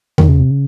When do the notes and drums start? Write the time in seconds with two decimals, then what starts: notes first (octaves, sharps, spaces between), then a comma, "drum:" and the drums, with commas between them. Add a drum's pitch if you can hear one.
0.18 D#3, drum: tom E2
0.28 C#3
0.39 C3
0.51 C#3